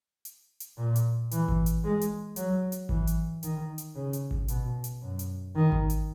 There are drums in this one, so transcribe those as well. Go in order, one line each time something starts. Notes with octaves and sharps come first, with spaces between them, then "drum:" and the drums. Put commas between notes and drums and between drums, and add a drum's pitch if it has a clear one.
drum: hi-hat
drum: hi-hat
A#2
drum: hi-hat
E3, drum: hi-hat
drum: kick G#1
drum: hi-hat
G#3
drum: hi-hat
F#3, drum: hi-hat
drum: hi-hat
E3, drum: kick G#1
drum: hi-hat
D#3, drum: hi-hat
drum: hi-hat
C#3
drum: hi-hat
drum: kick G#1
B2, drum: hi-hat
drum: hi-hat
F#2
drum: hi-hat
D#3
drum: kick G#1
drum: hi-hat